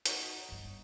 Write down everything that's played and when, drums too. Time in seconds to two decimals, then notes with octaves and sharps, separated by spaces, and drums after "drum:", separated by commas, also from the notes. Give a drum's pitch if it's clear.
0.06 D#4 F#4 C#5, drum: hi-hat
0.49 G1 G2